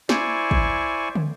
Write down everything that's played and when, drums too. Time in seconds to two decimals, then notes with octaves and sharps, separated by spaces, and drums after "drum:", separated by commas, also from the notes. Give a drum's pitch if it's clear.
0.09 E4 C5 D5 G#5 C#6, drum: snare
0.51 drum: kick
1.15 drum: tom